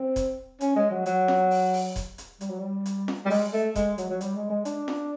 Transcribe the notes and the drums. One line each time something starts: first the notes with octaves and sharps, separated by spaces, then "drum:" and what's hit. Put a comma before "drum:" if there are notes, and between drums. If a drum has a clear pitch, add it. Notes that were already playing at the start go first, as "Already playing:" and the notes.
Already playing: C4
drum: kick D#1, hi-hat
C#4, drum: hi-hat
G#3
F#3
F#3, drum: hi-hat
drum: snare F4
drum: open hi-hat
drum: open hi-hat
drum: kick D#1, hi-hat
drum: hi-hat
G3, drum: hi-hat
F#3
G3
drum: hi-hat
drum: snare F4
G3
G#3, drum: open hi-hat
A3
G#3, drum: kick D#1, hi-hat
F#3, drum: hi-hat
F#3
G3, drum: hi-hat
G#3
G#3
D4, drum: hi-hat
drum: snare F4